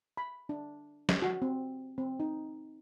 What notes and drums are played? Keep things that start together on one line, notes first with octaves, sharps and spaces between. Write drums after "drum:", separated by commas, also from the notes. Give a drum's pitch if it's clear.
B5
D4
drum: snare
F#4
C4
C4
D#4